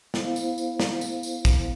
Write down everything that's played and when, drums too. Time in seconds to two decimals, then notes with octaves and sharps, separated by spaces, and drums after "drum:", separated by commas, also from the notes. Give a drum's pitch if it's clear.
0.14 B3 E4 A4 C5 F5, drum: snare
0.36 drum: tambourine
0.58 drum: tambourine
0.80 drum: snare
1.01 drum: tambourine
1.23 drum: tambourine
1.45 drum: kick, tambourine